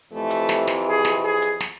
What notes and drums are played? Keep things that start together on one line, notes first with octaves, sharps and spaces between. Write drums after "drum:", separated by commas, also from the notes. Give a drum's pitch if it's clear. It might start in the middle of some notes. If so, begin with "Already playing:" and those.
F2 C3 E3 A3
drum: hi-hat
drum: snare
drum: snare
G#4
drum: snare
G#4
drum: hi-hat
drum: snare